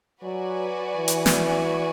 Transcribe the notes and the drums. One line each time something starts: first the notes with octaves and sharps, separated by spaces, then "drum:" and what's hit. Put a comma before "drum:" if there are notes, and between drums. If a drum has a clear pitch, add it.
F#3 F#4 B4 D5 G#5
E3
drum: hi-hat
drum: snare